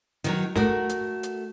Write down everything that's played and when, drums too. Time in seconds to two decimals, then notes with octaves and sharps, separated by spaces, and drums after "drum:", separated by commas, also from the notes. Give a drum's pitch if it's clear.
0.24 D#3 F3 F#3, drum: hi-hat
0.56 A3 F#4 A#4, drum: snare
0.89 drum: hi-hat
1.23 drum: hi-hat